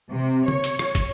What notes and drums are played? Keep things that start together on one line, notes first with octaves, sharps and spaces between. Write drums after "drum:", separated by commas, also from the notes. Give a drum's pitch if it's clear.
C3
C#5, drum: tom
drum: hi-hat
drum: rim click
drum: kick, hi-hat